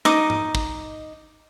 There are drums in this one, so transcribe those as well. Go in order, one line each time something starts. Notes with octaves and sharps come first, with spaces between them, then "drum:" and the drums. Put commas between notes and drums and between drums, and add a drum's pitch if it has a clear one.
D#4 D#5 D6, drum: snare
drum: tom G#2
drum: kick